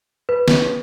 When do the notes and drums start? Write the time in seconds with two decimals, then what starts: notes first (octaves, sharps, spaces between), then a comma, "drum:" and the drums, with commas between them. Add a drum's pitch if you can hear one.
0.29 B4
0.48 drum: snare